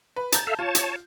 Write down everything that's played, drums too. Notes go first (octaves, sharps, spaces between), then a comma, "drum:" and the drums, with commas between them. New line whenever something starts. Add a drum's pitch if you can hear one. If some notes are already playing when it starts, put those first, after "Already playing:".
B4
A5 A#5 G6 A6, drum: hi-hat
A4 E5 F5
F4 C#5 A5
drum: hi-hat